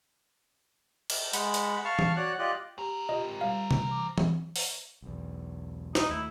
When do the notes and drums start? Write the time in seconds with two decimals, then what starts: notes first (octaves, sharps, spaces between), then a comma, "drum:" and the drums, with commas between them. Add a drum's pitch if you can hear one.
1.10 drum: cymbal
1.33 G#3 F#5 B5, drum: hi-hat
1.54 drum: hi-hat
1.85 F5 A5 C#6 F6
1.99 drum: tom E3
2.16 F#4 C#5 D5 F#5 F#6
2.39 F4 G4 D5 D#5 F#6
2.78 C4 G4 A#4
3.09 F4 G4 D#5
3.41 G3 F5
3.71 drum: tom C3
3.87 E3 D6
4.18 drum: tom E3
4.56 drum: open hi-hat
5.02 B1 E2
5.95 D#4, drum: snare
6.09 D#2 A3 E4